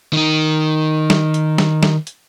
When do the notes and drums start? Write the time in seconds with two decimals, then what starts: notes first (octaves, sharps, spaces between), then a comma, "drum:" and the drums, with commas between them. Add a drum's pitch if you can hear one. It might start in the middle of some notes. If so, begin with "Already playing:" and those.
0.13 D#3 D#4
1.10 drum: snare
1.34 drum: hi-hat
1.58 drum: snare
1.83 drum: snare
2.07 drum: hi-hat